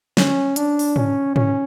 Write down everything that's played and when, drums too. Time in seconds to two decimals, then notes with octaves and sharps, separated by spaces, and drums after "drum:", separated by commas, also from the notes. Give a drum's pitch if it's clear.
0.17 C#4, drum: snare
0.56 D4, drum: hi-hat
0.79 drum: open hi-hat
0.96 C#4, drum: tom G#2
1.36 C#4, drum: tom G#2